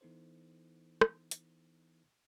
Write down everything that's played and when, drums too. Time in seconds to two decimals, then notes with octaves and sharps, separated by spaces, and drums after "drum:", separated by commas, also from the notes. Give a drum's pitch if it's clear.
0.01 E3 B3 D#4 E4 A4 C5
1.01 drum: rim click
1.31 drum: hi-hat